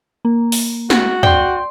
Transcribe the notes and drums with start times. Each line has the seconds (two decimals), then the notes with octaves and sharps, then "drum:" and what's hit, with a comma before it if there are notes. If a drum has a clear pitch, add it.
0.25 A#3
0.52 drum: open hi-hat
0.90 F#4, drum: snare
1.23 D5 G5 C6, drum: tom